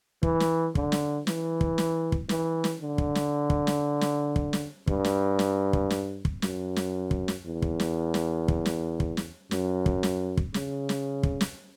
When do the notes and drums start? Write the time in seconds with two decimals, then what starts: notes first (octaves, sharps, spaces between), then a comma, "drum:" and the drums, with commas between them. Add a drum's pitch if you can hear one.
0.23 E3, drum: kick
0.40 drum: snare
0.75 D3, drum: kick
0.92 drum: snare
1.27 E3, drum: snare
1.61 drum: kick
1.78 drum: snare
2.12 drum: kick
2.29 E3, drum: snare
2.64 drum: snare
2.81 D3
2.98 drum: kick
3.15 drum: snare
3.50 drum: kick
3.67 drum: snare
4.01 drum: snare
4.36 drum: kick
4.53 drum: snare
4.87 G2, drum: kick
5.04 drum: snare
5.39 drum: snare
5.73 drum: kick
5.90 drum: snare
6.25 drum: kick
6.42 F#2, drum: snare
6.76 drum: snare
7.11 drum: kick
7.28 drum: snare
7.45 E2
7.62 drum: kick
7.80 drum: snare
8.14 drum: snare
8.48 drum: kick
8.66 drum: snare
9.00 drum: kick
9.17 drum: snare
9.51 F#2, drum: snare
9.86 drum: kick
10.03 drum: snare
10.37 drum: kick
10.54 C#3, drum: snare
10.89 drum: snare
11.23 drum: kick
11.41 drum: snare